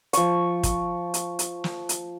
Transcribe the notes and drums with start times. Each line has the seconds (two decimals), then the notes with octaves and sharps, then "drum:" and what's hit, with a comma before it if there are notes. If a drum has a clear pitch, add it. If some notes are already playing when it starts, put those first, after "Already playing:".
0.13 F3 C#6, drum: hi-hat
0.63 drum: kick, hi-hat
1.14 drum: hi-hat
1.39 drum: hi-hat
1.64 drum: snare
1.89 drum: hi-hat